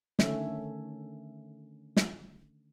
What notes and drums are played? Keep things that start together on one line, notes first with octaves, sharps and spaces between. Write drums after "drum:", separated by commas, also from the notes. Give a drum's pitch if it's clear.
D3 D#3 A3 C#4 E5, drum: snare
drum: snare